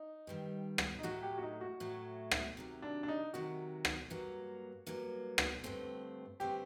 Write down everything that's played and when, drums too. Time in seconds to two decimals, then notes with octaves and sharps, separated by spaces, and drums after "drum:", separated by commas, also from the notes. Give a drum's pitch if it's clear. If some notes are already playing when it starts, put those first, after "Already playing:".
Already playing: D#4
0.27 G2 D#3 G3
0.78 drum: rim click
0.99 D#4
1.03 A2 F#3 A3 F#4
1.23 G4
1.38 F#4
1.42 D#4
1.61 F#4
1.80 A2 F#3 A3
2.31 drum: rim click
2.57 C3 D#3 F#3
2.82 D4
3.03 D4
3.08 D#4
3.34 C3 D#3 F#3 F#4
3.85 drum: rim click
4.10 G2 F#3 A#3
4.87 G2 F#3 A#3
5.38 drum: rim click
5.64 G2 D3 A3 C4
6.40 G2 D3 A3 C4 G4